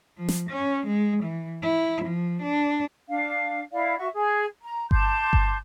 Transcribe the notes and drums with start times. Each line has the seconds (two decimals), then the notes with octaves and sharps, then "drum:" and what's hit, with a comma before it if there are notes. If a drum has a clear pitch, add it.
0.18 F3
0.29 drum: snare
0.50 C#4
0.87 G#3
1.24 E3
1.62 E4
2.05 F3
2.43 D4
3.09 D4 F5
3.72 E4 D5 F5
3.98 F#4 E5 C#6
4.13 G#4
4.63 A#5
4.91 A5 C6 D6 G6, drum: kick G1
5.33 drum: kick G1